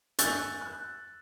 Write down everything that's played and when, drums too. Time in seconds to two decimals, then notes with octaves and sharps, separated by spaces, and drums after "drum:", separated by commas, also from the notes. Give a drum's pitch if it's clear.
0.19 G#5 C#6 E6 F#6 G6 A6, drum: hi-hat
0.61 F#6